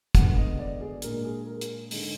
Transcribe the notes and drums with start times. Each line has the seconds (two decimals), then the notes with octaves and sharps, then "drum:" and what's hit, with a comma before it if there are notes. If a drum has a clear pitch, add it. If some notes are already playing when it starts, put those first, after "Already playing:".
0.15 D3 G#3 B3 F#5, drum: kick, hi-hat
0.37 D#5
0.59 D5
0.80 G#4
1.02 A#2 G#3 D4 A#4, drum: hi-hat
1.24 G#4
1.47 A#4
1.61 drum: hi-hat
1.91 D3 G#3 D#4, drum: open hi-hat